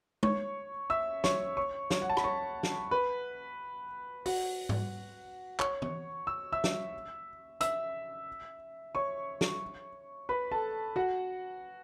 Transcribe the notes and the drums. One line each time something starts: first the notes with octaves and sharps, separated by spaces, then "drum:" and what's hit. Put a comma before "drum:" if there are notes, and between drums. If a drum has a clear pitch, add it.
C#5 C#6, drum: tom G#3
E5 E6
C#5 C#6, drum: snare
C#5 C#6
C#5 C#6, drum: snare
F#5
A5
B5, drum: rim click
C#5 C#6
drum: snare
B4 B5
F#4 F#5, drum: open hi-hat
drum: tom G#2
C#5 C#6, drum: clap
drum: tom
E6
E5 E6
drum: snare
E5 E6, drum: hi-hat
C#5 C#6
drum: snare
B4 B5
A4 A5
F#4 F#5